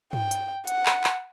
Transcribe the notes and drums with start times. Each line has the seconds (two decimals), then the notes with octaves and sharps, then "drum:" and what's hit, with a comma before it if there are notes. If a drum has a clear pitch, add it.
0.13 G5, drum: tom
0.31 drum: hi-hat
0.67 F#5, drum: hi-hat
0.86 drum: clap
1.04 drum: clap